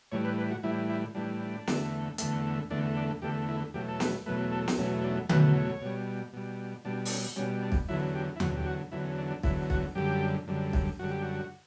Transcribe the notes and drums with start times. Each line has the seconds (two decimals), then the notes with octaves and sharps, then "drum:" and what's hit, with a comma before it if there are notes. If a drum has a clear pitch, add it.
0.12 A2 E3 G3 C#5
0.25 B4
0.38 B4
0.51 F#4
0.63 A2 E3 G3 E4
0.89 E4
1.15 A2 E3 G3 D4
1.41 D4
1.67 E2 D3 A3, drum: snare
2.18 E2 D3 A3, drum: hi-hat
2.70 E2 D3 A3 D4
2.96 D4
3.22 E2 D3 A3 G4
3.48 E4
3.74 E2 B2 F#3 A3 G4
3.88 A4
4.00 B4, drum: snare
4.26 E2 B2 F#3 A3 B4
4.52 A4
4.68 drum: snare
4.77 E2 B2 F#3 A3 C#4
5.04 D4
5.29 E2 B2 F#3 A3 B4, drum: tom D3
5.55 C#5
5.81 B2 G3
6.33 B2 G3
6.85 B2 G3 D4
7.05 D4, drum: open hi-hat
7.11 C#4
7.36 B2 G3 C#4
7.62 D4
7.72 drum: kick
7.88 E2 D3 F#3 E4
8.15 G4
8.36 E4
8.40 E2 D3 F#3 F#4, drum: tom D#2
8.57 G4
8.66 F#4
8.92 E2 D3 F#3 E4
9.05 C#4
9.18 D4
9.30 D4
9.43 E2 D3 F#3 E4, drum: kick
9.70 F#4, drum: kick
9.95 F#2 D3 G3 G4
10.48 F#2 D3 G3
10.73 drum: kick
10.99 F#2 D3 G3 F#4
11.11 G4
11.22 F#4